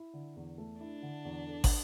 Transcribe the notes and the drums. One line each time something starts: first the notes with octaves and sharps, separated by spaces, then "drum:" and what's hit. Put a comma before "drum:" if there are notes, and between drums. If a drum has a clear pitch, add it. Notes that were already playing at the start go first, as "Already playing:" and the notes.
Already playing: E4
D3
E2
A3
D4 E4
D3
E2
A4
drum: kick, open hi-hat